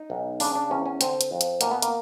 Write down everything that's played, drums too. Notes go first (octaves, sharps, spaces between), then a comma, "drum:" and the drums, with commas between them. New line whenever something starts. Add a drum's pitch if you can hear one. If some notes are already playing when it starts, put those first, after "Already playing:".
Already playing: D#4
B1
C#3 D4, drum: open hi-hat
D4
E2 C#4
C#4
D3 C4, drum: hi-hat
drum: hi-hat
F2
drum: hi-hat
B2 A#3, drum: hi-hat
B3
A#3, drum: hi-hat